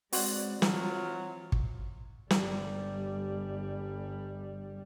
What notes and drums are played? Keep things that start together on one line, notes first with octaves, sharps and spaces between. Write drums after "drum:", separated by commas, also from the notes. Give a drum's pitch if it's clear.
G#3 C4 C#4 F#4 B4 C5 D5, drum: open hi-hat
E3 F#3 F4, drum: snare
drum: kick
G1 G3, drum: snare